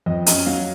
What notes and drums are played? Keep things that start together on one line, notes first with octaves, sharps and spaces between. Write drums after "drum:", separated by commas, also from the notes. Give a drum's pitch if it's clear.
F2 D#5
C#4 D#5, drum: hi-hat
F#3 F5